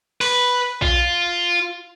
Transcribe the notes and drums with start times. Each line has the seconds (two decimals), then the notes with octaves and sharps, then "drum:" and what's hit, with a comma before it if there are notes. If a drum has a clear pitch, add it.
0.21 B4, drum: open hi-hat
0.82 F4, drum: kick A#1